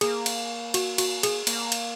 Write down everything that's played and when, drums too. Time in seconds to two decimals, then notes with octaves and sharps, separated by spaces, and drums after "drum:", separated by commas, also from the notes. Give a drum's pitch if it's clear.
0.01 A#3 G#4, drum: cymbal
0.26 drum: cymbal
0.74 F#4, drum: cymbal
0.98 F#4, drum: cymbal
1.23 G#4, drum: cymbal
1.47 A#3, drum: cymbal
1.72 drum: cymbal